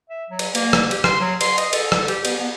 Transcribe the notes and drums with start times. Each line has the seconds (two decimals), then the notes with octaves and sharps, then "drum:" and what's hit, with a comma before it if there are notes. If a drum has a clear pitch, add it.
0.09 E5
0.30 F#3
0.39 drum: cymbal
0.55 A#3, drum: cymbal
0.73 drum: rim click
0.91 G4, drum: cymbal
1.04 C6, drum: rim click
1.21 F#3
1.41 C6, drum: cymbal
1.58 D#5, drum: cymbal
1.73 A4, drum: cymbal
1.92 drum: rim click
2.08 G4, drum: cymbal
2.25 B3, drum: cymbal
2.38 B3